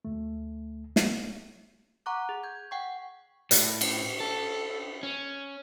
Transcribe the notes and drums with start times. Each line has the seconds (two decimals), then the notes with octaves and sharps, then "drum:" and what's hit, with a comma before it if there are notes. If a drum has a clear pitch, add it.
0.05 D2 A3
0.96 drum: snare
2.06 F#5 A#5 C#6 D6 F#6
2.29 G#4
2.43 G6 G#6
2.71 F#5 G5 C#6
3.51 A2, drum: hi-hat
3.81 drum: cymbal
4.20 A4
5.03 C#4